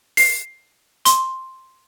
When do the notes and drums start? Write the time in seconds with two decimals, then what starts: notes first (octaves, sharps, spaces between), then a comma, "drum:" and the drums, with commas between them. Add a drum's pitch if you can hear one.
0.17 C7, drum: open hi-hat
1.05 C6, drum: hi-hat